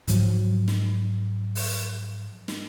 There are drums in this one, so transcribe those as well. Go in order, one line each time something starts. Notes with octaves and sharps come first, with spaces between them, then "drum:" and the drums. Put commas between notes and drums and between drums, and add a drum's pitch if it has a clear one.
G#2 F3 F#3, drum: hi-hat
drum: snare
drum: open hi-hat
drum: snare